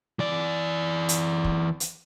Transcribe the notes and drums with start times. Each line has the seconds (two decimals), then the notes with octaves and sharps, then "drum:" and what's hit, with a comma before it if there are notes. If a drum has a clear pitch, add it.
0.19 E3 D5
1.09 drum: hi-hat
1.44 drum: kick
1.80 drum: hi-hat